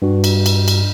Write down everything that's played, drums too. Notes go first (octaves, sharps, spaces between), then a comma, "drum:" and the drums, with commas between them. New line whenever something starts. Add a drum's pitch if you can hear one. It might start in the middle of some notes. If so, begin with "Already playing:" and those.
G2 F#4
drum: cymbal
drum: cymbal
drum: cymbal